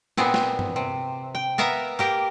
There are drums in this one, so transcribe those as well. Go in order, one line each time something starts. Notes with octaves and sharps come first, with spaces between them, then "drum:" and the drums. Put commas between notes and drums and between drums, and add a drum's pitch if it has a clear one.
A#2 B3 C4 G#4, drum: snare
drum: snare
drum: tom
C3
G5
B3 A#4 E5 F5 A#5
A#3 G4 A#4